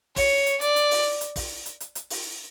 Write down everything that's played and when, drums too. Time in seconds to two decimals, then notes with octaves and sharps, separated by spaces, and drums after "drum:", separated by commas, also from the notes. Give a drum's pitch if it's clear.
0.16 C#5, drum: kick, open hi-hat
0.46 drum: hi-hat
0.61 D5, drum: hi-hat
0.76 drum: hi-hat
0.91 drum: open hi-hat
1.21 drum: hi-hat
1.36 drum: kick, open hi-hat
1.66 drum: hi-hat
1.80 drum: hi-hat
1.95 drum: hi-hat
2.10 drum: open hi-hat